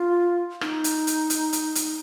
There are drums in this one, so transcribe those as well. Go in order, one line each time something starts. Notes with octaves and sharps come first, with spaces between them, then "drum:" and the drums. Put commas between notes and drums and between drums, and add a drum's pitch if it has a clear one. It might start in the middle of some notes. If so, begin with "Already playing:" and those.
Already playing: F4
D#4, drum: rim click
drum: hi-hat
drum: hi-hat
drum: hi-hat
drum: hi-hat
drum: hi-hat